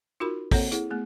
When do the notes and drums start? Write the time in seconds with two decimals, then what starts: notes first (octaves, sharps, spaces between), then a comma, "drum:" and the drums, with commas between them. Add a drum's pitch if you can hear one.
0.20 D#4 F4 F#4 A#4 B5
0.51 A#3 C4 A4 C#5 F#5, drum: kick, open hi-hat
0.72 E4 G#4 F#5, drum: hi-hat
0.91 A3 B3 G#4